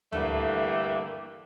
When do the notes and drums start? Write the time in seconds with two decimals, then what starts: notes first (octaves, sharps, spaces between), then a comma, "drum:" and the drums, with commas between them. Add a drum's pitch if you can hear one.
0.12 G2 D3 E3 A3 A#3, drum: tom D2